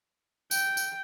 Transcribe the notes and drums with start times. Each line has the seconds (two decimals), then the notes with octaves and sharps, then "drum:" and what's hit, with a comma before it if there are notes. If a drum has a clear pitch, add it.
0.51 G5, drum: tambourine
0.77 drum: tambourine